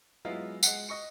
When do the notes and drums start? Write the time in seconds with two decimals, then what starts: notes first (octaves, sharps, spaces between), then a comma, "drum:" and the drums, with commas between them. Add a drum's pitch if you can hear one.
0.25 F#3 G#3 B3 E4 F4
0.63 G#3 F#5, drum: tambourine
0.89 D#5 C#6 C#7